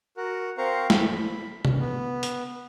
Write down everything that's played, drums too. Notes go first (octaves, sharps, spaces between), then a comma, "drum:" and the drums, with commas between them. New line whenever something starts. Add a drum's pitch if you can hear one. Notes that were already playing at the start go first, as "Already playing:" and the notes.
F#4 A#4 F#5
C4 A#4 C5 F5 A#5 C#6
B5, drum: snare
drum: tom C3
B3
drum: hi-hat